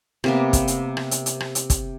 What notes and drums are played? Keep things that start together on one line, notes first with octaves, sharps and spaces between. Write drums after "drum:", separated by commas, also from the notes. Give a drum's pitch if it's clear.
C3 A#3 B3, drum: rim click
drum: kick, hi-hat
drum: hi-hat
drum: rim click
drum: hi-hat
drum: hi-hat
drum: rim click
drum: hi-hat
drum: kick, hi-hat